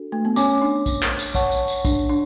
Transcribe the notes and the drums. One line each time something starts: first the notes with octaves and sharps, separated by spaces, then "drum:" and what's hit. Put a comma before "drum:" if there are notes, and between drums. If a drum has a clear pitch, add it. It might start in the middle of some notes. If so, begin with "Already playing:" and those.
Already playing: D4 F#4 A4
A3
B3
C#4 C#5 G#5 D6, drum: tambourine
D4
drum: kick, tambourine
drum: clap
drum: tambourine
C#5 F#5 A5 C#6, drum: kick, tambourine
drum: tambourine
drum: tambourine
D4, drum: kick, tambourine
D4